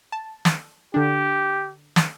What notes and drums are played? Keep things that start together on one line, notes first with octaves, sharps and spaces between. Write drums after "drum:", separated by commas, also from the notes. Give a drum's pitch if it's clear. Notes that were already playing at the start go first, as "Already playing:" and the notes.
A5
drum: snare
D3 D4 G4
drum: snare